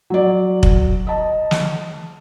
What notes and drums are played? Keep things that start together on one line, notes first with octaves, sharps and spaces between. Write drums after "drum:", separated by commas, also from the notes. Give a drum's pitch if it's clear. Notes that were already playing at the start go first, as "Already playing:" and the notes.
F#3 D5
drum: kick
D#5 A5
drum: snare